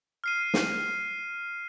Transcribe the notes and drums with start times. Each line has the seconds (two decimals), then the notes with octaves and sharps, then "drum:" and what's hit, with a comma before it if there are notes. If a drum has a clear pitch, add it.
0.24 F6 C7 D#7
0.54 drum: snare